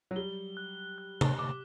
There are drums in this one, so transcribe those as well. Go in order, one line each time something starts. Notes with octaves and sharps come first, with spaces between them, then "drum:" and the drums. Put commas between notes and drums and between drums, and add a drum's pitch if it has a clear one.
F#3
G3 G7
F#6
F#6
drum: tom C3
D6